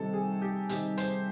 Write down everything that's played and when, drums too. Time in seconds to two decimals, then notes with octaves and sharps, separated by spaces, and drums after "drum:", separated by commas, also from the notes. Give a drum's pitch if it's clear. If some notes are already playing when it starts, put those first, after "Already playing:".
Already playing: C3 D#3 G3 C4 D#4 A4
0.14 G#4
0.42 G4
0.69 C3 D#3 G3 C4 D#4 G4, drum: hi-hat
0.98 C5, drum: hi-hat